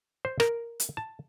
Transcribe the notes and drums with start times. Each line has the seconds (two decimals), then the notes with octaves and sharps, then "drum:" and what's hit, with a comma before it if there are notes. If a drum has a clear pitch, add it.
0.25 C5
0.40 A#4, drum: rim click
0.80 drum: hi-hat
0.97 A5